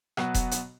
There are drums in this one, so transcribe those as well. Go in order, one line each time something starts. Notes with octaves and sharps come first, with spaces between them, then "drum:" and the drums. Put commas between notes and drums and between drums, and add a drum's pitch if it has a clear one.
B2 F#3 B3 F#4, drum: rim click
drum: kick E1, hi-hat
drum: hi-hat